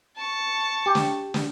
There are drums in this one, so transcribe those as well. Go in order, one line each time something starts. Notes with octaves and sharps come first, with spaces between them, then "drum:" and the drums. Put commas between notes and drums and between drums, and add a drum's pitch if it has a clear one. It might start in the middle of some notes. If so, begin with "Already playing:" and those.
A5 C#6
G4
drum: snare
drum: snare